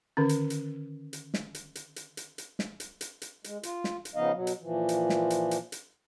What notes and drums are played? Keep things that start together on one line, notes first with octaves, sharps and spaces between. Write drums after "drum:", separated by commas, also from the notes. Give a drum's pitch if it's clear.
D3 D#3 C#4
drum: hi-hat
drum: hi-hat
drum: hi-hat
drum: snare
drum: hi-hat
drum: hi-hat
drum: hi-hat
drum: hi-hat
drum: hi-hat
drum: snare
drum: hi-hat
drum: hi-hat
drum: hi-hat
G#3, drum: hi-hat
F4, drum: hi-hat
drum: snare
drum: hi-hat
C#3 F3 B3 D#4 D#5 F5
B2 F#3
drum: hi-hat
A#2 E3 F3
drum: hi-hat
drum: snare
drum: hi-hat
drum: hi-hat
drum: hi-hat